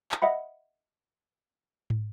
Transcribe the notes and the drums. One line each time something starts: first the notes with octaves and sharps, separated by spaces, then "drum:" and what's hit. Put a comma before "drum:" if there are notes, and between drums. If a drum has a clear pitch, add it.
drum: clap
D#5 E5 F#5 B5
drum: tom